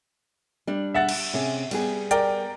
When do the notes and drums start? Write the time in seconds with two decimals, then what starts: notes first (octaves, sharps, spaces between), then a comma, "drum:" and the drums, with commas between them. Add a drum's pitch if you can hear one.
0.67 G3 D4
0.94 E5 F#5 A6
1.09 drum: cymbal
1.34 C3 C#4 G#4
1.71 G3 B3 G#4, drum: cymbal
2.11 A#4 D5 G5, drum: hi-hat